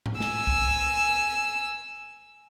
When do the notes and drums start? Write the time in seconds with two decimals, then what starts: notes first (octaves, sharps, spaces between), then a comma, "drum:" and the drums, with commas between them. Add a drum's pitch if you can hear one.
0.06 drum: tom G#2
0.20 G#5 E6, drum: snare
0.47 drum: kick C2